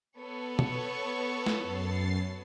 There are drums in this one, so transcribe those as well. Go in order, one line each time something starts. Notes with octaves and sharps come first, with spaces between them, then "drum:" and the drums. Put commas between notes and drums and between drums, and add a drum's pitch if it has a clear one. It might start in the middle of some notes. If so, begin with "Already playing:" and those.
B3 A4 C#5
C#6, drum: tom B2
drum: snare
F#2 A6 C7